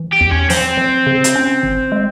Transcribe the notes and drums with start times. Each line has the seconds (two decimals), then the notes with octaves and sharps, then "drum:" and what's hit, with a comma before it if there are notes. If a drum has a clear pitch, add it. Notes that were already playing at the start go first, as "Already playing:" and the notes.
Already playing: E3
0.12 G4
0.21 E2
0.31 C#4
0.50 F3 C4, drum: open hi-hat
0.78 F3
1.07 C#3
1.24 drum: hi-hat
1.36 C#4
1.63 G#1
1.92 G#3